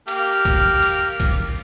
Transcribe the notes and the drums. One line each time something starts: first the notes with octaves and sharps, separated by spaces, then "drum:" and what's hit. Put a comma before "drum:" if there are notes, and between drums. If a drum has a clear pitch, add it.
A#3 G4 F6, drum: cymbal
drum: kick, cymbal
drum: cymbal
drum: kick, cymbal